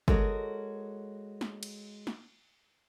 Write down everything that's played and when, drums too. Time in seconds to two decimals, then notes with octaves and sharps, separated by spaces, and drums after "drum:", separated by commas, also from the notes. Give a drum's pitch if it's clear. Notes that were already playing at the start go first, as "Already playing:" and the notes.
0.08 G#3 F#4 A4 A#4 C#5 D#5, drum: kick
1.41 drum: snare
1.63 drum: cymbal
2.07 drum: snare